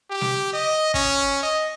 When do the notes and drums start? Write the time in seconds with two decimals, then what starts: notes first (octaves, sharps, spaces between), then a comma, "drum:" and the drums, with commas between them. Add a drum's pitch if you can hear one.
0.10 G4
0.21 drum: snare
0.53 D#5
0.94 C#4, drum: kick
1.43 D#5